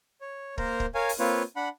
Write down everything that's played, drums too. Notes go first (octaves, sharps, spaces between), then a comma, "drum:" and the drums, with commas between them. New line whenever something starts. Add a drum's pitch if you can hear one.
C#5
A#3 A#4 C5 A#5, drum: kick
drum: kick
A#4 C#5 F5 G#5
drum: open hi-hat
A#3 C4 F4 B4 C#5
D4 F#5 B5